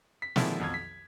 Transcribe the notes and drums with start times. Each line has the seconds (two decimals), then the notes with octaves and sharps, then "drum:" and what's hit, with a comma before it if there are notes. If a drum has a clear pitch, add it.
0.22 B6
0.36 A#2 D3 D#3 F3 G#3 E4, drum: snare
0.60 B1 F2 F3 G#6
0.74 B6